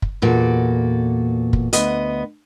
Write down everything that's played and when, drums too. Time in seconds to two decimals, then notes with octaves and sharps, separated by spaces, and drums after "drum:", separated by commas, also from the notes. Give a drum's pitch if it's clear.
0.02 drum: kick
0.22 E2 A#2 F#4 A4
1.53 drum: kick
1.73 D2 B3 D#5, drum: hi-hat